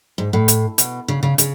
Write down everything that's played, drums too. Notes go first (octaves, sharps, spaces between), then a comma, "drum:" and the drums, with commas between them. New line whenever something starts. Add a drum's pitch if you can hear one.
G#2
A2
drum: hi-hat
B2, drum: hi-hat
C#3
C#3
C#3, drum: hi-hat